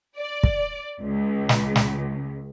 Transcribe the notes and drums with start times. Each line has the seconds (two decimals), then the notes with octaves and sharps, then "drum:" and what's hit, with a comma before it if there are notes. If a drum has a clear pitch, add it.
0.17 D5
0.43 drum: kick
1.02 C#2
1.49 drum: snare
1.76 drum: snare